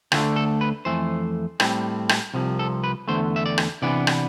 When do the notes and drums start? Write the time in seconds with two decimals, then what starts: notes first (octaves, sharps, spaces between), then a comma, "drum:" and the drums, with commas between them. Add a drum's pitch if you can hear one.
0.12 D2 D3 A3 D4 F4, drum: rim click
0.36 A4
0.61 B4
0.85 F2 E3 A3 C5
1.60 A2 G3 C4, drum: rim click
2.09 drum: rim click
2.34 C2 C3 F3
2.59 A4
2.84 B4
3.08 E2 D3 A3 C5
3.36 E5
3.46 D5
3.58 drum: rim click
3.82 C3 E3 B3 D4 D5
4.07 drum: rim click